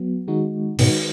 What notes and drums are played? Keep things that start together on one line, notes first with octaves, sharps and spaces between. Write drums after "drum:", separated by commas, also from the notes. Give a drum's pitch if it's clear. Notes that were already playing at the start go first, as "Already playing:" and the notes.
Already playing: F#3 B3
D#3 G#3 D#4 F#4
G#2 B2 D#3 G#3 D#4 F#4, drum: cymbal